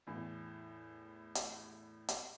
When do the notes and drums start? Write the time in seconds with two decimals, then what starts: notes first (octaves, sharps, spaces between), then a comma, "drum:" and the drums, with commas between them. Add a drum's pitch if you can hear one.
0.07 E2 A2
1.35 drum: hi-hat
2.09 drum: hi-hat